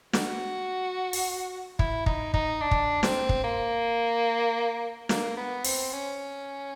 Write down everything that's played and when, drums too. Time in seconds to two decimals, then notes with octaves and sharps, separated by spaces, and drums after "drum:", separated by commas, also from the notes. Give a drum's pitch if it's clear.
0.13 F#4, drum: snare
1.13 drum: open hi-hat
1.79 E4, drum: kick
2.06 D#4, drum: kick
2.34 D#4, drum: kick
2.61 D4
2.71 drum: kick
3.03 C4, drum: snare
3.29 drum: kick
3.44 A#3
5.09 A#3, drum: snare
5.37 B3
5.65 C4, drum: open hi-hat
5.93 C#4